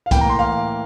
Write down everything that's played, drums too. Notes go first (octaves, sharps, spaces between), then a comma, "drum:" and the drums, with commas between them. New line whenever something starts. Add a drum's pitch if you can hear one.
F5
A2 E3 A#3 G5, drum: kick, hi-hat
A#5
C6
F5